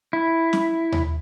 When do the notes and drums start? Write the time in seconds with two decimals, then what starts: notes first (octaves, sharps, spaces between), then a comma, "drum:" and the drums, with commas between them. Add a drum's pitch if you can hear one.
0.13 E4
0.53 drum: snare
0.92 drum: tom D#2